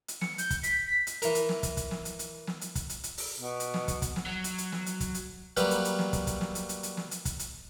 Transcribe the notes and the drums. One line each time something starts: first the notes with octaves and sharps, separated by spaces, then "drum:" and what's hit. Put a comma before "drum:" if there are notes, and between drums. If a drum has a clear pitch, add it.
drum: hi-hat
C#7, drum: snare
G6, drum: hi-hat
drum: kick, hi-hat
B6, drum: hi-hat
B6
drum: hi-hat
E3 A#4, drum: hi-hat
drum: hi-hat
drum: snare
drum: kick, hi-hat
drum: kick, hi-hat
drum: snare
drum: hi-hat
drum: hi-hat
drum: snare
drum: hi-hat
drum: kick, hi-hat
drum: hi-hat
drum: hi-hat
drum: open hi-hat
B2
drum: hi-hat
drum: snare
drum: kick, hi-hat
drum: kick, hi-hat
drum: snare
F#3
drum: hi-hat
drum: hi-hat
drum: snare
drum: hi-hat
drum: kick, hi-hat
drum: hi-hat
F#3 G3 A#3 B4, drum: hi-hat
drum: hi-hat
drum: hi-hat
drum: snare
drum: kick, hi-hat
drum: kick, hi-hat
drum: snare
drum: hi-hat
drum: hi-hat
drum: hi-hat
drum: snare
drum: hi-hat
drum: kick, hi-hat
drum: hi-hat